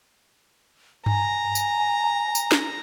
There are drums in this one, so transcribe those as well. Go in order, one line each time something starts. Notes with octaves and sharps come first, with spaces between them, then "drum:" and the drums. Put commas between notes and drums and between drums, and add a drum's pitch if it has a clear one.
G#5 A#5, drum: tom G2
drum: tambourine
drum: tambourine
drum: snare